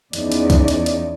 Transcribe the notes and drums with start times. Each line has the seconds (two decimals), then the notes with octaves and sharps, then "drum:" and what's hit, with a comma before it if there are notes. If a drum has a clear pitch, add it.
0.13 E2 C#4 D#4 D5, drum: hi-hat
0.32 drum: hi-hat
0.50 drum: kick B1, hi-hat
0.68 drum: hi-hat
0.86 drum: hi-hat